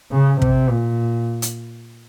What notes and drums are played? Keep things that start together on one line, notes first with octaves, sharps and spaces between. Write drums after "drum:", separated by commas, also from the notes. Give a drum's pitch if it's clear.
C#3
C3, drum: kick
A#2
drum: hi-hat